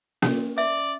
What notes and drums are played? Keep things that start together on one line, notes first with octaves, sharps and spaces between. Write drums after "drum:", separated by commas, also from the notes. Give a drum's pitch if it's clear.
C#4, drum: snare A#3
D5 E5